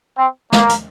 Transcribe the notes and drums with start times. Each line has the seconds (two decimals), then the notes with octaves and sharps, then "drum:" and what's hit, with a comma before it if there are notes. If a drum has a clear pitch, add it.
0.17 C4
0.52 A#3, drum: snare
0.69 drum: hi-hat